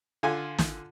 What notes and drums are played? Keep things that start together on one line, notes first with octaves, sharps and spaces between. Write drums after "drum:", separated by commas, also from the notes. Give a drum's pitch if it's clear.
D3 F4 G#5
drum: snare